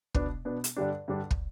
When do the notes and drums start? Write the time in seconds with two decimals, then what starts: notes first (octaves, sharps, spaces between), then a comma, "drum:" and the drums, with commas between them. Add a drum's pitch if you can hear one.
0.14 B2 B3 D4, drum: kick
0.45 B2 B3 D4
0.64 drum: hi-hat
0.76 G2 D3 G3 D4
1.08 G2 D3 G3 D4
1.31 drum: kick